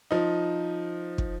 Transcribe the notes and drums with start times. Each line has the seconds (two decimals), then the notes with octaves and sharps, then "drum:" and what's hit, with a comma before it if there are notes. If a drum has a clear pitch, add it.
0.11 F3 D#4
1.18 drum: kick